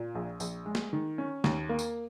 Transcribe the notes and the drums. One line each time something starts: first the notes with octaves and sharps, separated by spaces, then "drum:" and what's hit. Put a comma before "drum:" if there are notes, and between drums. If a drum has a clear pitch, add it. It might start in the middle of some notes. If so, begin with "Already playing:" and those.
Already playing: A#2
A#1
A#1, drum: tambourine
G#3
drum: snare
D#3
C#4
D#2, drum: snare
A#3
drum: tambourine